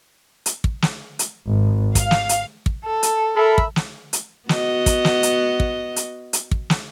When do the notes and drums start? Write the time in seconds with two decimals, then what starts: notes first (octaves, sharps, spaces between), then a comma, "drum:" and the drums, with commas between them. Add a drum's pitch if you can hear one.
0.46 drum: hi-hat
0.64 drum: kick
0.82 drum: snare
1.19 drum: hi-hat
1.47 G#1
1.95 F5, drum: kick, hi-hat
2.11 drum: snare
2.29 drum: hi-hat
2.66 drum: kick
2.84 A4
3.03 drum: hi-hat
3.36 A4 A#4 E5 B5
3.58 drum: kick
3.76 drum: snare
4.13 drum: hi-hat
4.49 B3 F#4 D#5, drum: snare
4.86 drum: kick, hi-hat
5.05 drum: snare
5.23 drum: hi-hat
5.60 drum: kick
5.96 drum: hi-hat
6.33 drum: hi-hat
6.51 drum: kick
6.70 drum: snare